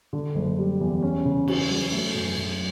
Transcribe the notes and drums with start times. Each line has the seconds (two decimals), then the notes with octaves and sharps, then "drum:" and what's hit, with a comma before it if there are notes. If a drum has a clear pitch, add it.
0.13 D3
0.35 F#1
0.58 G3
0.81 E2
1.02 C#4
1.25 C#3
1.48 F#4, drum: cymbal
1.70 F#3
1.92 A3
2.14 F#2
2.37 F#2